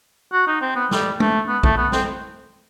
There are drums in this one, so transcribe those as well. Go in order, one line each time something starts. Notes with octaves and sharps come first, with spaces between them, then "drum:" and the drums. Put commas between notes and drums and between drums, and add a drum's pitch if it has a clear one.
F#4
D#4
C4
B3
G3, drum: snare
A3, drum: tom G#3
B3
A3, drum: kick B1
B3
C4, drum: snare